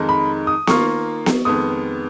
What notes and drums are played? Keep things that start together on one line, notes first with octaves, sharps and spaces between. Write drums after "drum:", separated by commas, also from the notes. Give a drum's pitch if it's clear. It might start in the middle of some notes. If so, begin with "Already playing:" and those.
Already playing: F2 D#3 G#3 D#4
B5
D#6
D#3 A#3 F4 C#6, drum: snare B3
drum: snare B3
F2 D#3 G#3 B3 D#6